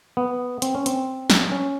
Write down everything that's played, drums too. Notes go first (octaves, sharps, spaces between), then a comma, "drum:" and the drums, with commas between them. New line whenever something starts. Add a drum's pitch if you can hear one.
B3
C4, drum: hi-hat
C#4
C4, drum: hi-hat
drum: snare
C#4